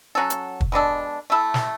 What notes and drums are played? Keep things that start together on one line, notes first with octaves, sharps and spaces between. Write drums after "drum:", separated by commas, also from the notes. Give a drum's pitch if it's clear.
F#3 C#4 F#4 A4
drum: hi-hat
drum: kick
B2 G#3 D4 A4
A3 E4 A4
drum: snare